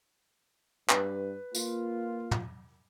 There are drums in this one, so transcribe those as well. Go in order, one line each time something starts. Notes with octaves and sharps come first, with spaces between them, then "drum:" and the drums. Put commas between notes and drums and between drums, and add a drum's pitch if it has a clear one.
G2 B4, drum: clap
A#3 F4, drum: tambourine
drum: tom